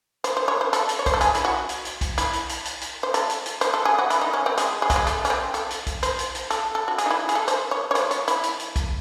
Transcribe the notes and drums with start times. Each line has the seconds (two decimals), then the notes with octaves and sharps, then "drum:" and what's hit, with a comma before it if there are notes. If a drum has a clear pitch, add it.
0.24 C5, drum: hi-hat
0.37 C5
0.48 C#5
0.61 C5
0.73 A4, drum: hi-hat
0.89 drum: hi-hat
0.99 C#5
1.06 C5, drum: kick, hi-hat
1.14 A4
1.21 G#4, drum: hi-hat
1.35 E4, drum: hi-hat
1.45 F#4
1.69 drum: hi-hat
1.85 drum: hi-hat
2.01 drum: kick, hi-hat
2.18 E4, drum: hi-hat
2.33 drum: hi-hat
2.49 drum: hi-hat
2.65 drum: hi-hat
2.81 drum: hi-hat
3.03 C5
3.14 A4, drum: hi-hat
3.30 drum: hi-hat
3.46 drum: hi-hat
3.61 C5, drum: hi-hat
3.74 A4
3.85 G#4
3.98 F#4
4.10 E4, drum: hi-hat
4.21 D#4
4.34 C#4
4.46 C4
4.58 G#3, drum: hi-hat
4.82 G#3
4.90 F#3, drum: kick, hi-hat
4.96 G#3
5.07 A3, drum: hi-hat
5.25 C#4, drum: hi-hat
5.30 C4
5.54 A4, drum: hi-hat
5.71 drum: hi-hat
5.87 drum: kick, hi-hat
6.03 C5, drum: hi-hat
6.19 drum: hi-hat
6.35 drum: hi-hat
6.50 A4, drum: hi-hat
6.75 A4
6.88 F#4
6.98 G#4, drum: hi-hat
7.06 D#4
7.11 E4
7.29 G#4, drum: hi-hat
7.35 A4
7.48 C5, drum: hi-hat
7.71 C#5
7.91 C#5
7.95 C5, drum: hi-hat
8.11 C#5, drum: hi-hat
8.28 E4, drum: hi-hat
8.44 drum: hi-hat
8.60 drum: hi-hat
8.76 drum: kick, hi-hat